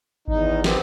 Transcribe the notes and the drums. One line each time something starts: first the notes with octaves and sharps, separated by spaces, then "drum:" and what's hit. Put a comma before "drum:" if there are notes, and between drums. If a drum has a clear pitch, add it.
G#1 E2 D#4
B3 C4 G4, drum: snare